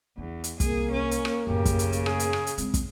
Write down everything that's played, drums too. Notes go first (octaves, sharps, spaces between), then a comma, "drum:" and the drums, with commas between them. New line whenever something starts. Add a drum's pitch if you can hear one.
E2 D4
drum: hi-hat
C2 A#3 G#4, drum: kick, hi-hat
C#4
drum: hi-hat
drum: rim click
F#2 A2 C#3 G4
drum: kick, hi-hat
drum: hi-hat
drum: hi-hat
G#4, drum: rim click
drum: hi-hat
drum: rim click
drum: hi-hat
G#3 C4, drum: hi-hat
drum: kick, hi-hat